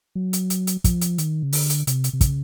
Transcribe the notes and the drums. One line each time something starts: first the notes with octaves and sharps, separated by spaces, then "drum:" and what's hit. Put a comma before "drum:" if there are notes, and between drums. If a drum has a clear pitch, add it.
F#3
drum: hi-hat
drum: hi-hat
drum: hi-hat
F3, drum: kick, hi-hat
drum: hi-hat
D#3, drum: hi-hat
C#3
D3, drum: open hi-hat
drum: hi-hat
C3, drum: hi-hat
drum: hi-hat
C3
C#3, drum: kick, hi-hat